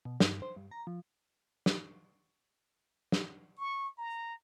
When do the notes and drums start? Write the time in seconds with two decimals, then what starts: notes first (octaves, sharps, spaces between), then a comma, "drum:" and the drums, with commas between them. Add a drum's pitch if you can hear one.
0.05 B2
0.20 G2, drum: snare
0.42 C5
0.56 G2
0.71 A#5
0.87 F3
1.66 drum: snare
3.12 drum: snare
3.57 C#6
3.98 A#5